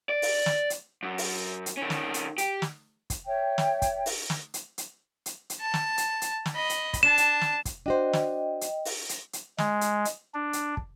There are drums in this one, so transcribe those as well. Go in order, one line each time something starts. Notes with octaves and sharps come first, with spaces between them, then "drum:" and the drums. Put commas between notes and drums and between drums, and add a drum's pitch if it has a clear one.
D5
drum: open hi-hat
drum: snare
drum: hi-hat
F#2
drum: open hi-hat
drum: hi-hat
D#3 C#4
drum: snare
drum: hi-hat
G4, drum: hi-hat
drum: snare
drum: kick, hi-hat
C#5 E5 G5
drum: snare
drum: kick, hi-hat
drum: open hi-hat
drum: snare
drum: hi-hat
drum: hi-hat
drum: hi-hat
drum: hi-hat
A5
drum: snare
drum: hi-hat
drum: hi-hat
drum: snare
D#5 B5
drum: hi-hat
drum: kick, hi-hat
D4 A5 E7
drum: hi-hat
drum: snare
drum: kick, hi-hat
D4 F#4 C5 D#5 G5
drum: snare
drum: hi-hat
drum: open hi-hat
drum: hi-hat
drum: hi-hat
G#3, drum: snare
drum: hi-hat
drum: hi-hat
D4
drum: hi-hat
drum: kick